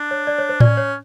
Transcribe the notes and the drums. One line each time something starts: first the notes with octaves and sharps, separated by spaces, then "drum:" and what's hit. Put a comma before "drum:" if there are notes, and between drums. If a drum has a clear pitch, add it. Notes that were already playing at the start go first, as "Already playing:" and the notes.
Already playing: D4
C#5
D5
C#5
C5
C#4 D5, drum: tom A2
C#5